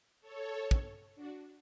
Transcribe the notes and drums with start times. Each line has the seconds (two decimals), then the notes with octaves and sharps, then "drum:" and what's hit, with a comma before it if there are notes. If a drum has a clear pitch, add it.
0.21 A4 C#5
0.53 A4 C#5
0.71 drum: kick
1.15 D4 F#4